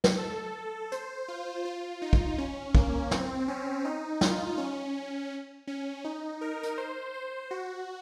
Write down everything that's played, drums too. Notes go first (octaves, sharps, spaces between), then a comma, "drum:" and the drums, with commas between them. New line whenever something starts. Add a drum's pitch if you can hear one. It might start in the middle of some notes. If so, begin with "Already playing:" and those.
drum: snare
A4
C5, drum: hi-hat
F4
F4
D#4
drum: kick
C#4
A#3, drum: kick
C4, drum: snare
C#4
D#4
F4, drum: snare
C#4
C#4
D#4
A#4
drum: hi-hat
C5
C5
F#4